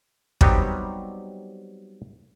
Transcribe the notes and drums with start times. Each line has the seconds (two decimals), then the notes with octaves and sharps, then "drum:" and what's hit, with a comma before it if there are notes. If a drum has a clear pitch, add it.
0.41 F#3 G3 B3 C4 D#4 G4, drum: kick